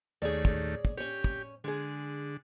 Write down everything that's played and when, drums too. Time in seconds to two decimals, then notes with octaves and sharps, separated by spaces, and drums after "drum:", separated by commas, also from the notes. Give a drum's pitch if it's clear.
0.22 D#2 A3 G#4 C#5 D5
0.45 drum: kick
0.85 drum: kick
0.97 C#4 G4 C#5
1.24 drum: kick
1.64 D3 G#3 G#4